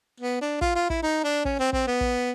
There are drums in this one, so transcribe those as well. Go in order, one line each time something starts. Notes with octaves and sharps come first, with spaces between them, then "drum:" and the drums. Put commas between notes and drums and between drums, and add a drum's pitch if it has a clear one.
B3
D4
F4, drum: kick
F4
E4, drum: kick
D#4
D4
C#4, drum: kick
C4
C4, drum: kick
B3
drum: kick